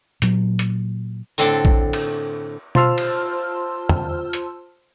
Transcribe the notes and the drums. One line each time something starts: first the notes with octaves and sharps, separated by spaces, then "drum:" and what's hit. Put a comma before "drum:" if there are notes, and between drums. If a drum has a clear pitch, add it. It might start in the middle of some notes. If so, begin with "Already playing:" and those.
A#2 F#3, drum: hi-hat
drum: hi-hat
A2 D3 C4 D4 A4 D5, drum: tambourine
drum: kick A#1
drum: cymbal
F4 C5 A5 C6 E6 F6, drum: tom B2
drum: cymbal
drum: tom
drum: hi-hat